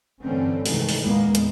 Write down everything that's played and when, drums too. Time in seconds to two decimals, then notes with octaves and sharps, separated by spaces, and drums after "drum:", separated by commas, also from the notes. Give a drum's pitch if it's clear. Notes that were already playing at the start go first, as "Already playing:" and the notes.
0.23 G2 D3 E3 A3 C4 C#4
0.66 G2 C3 D#3 E3 G#3 A3, drum: open hi-hat
0.89 drum: open hi-hat
1.04 E2 A#2 G#3 A#3 B3
1.35 drum: hi-hat